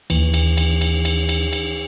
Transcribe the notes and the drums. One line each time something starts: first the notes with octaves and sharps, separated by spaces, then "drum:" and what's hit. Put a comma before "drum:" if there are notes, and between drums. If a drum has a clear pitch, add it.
D#2 E3, drum: cymbal
drum: cymbal
drum: cymbal
drum: cymbal
drum: cymbal
drum: cymbal
drum: cymbal